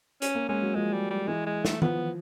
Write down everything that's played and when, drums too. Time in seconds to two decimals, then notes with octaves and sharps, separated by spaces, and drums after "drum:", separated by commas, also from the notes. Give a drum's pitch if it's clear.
0.22 C#4, drum: hi-hat
0.35 A#3
0.49 G#3 C#4
0.62 F#3
0.75 F3 G#3
0.93 G3
1.10 G3
1.28 E3 G#3
1.46 G#3
1.65 A3, drum: snare
1.82 F3 B3, drum: tom D#3